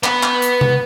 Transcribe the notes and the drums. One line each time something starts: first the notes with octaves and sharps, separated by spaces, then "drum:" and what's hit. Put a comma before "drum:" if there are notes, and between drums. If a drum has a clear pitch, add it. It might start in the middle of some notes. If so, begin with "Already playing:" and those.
B3 B4, drum: clap
drum: clap
drum: hi-hat
drum: tom C3